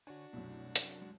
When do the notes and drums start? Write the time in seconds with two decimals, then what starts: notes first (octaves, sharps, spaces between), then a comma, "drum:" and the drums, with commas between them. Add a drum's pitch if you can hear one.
0.07 D3 D4 F#4 C#5 G#5
0.33 C2 F#2 B2 A3
0.76 drum: hi-hat
1.02 G#3